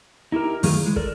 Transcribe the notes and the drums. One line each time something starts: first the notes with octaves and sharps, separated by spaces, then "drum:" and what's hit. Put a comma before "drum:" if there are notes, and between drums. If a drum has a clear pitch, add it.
D#4 E4 G4 A#4
F#2 D#3 A3 F4 G#4, drum: open hi-hat
E3 G#3
A4 A#4 D5, drum: kick